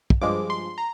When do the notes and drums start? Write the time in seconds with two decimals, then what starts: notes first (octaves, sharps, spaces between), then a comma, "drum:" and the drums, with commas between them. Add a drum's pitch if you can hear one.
0.10 drum: kick
0.21 G2 F3 G#3 D6
0.50 C6
0.78 A#5